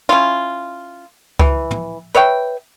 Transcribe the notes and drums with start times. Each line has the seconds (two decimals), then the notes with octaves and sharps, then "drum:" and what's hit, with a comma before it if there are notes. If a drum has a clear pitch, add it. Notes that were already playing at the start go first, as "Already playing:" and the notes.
0.09 C#4 E4 F4
1.39 E3, drum: kick C#2
1.71 drum: tom
2.15 B4 C#5 E5 G5